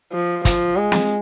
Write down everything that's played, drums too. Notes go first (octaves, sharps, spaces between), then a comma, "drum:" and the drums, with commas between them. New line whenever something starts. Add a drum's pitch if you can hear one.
F3
F3, drum: kick, hi-hat
G#3
drum: snare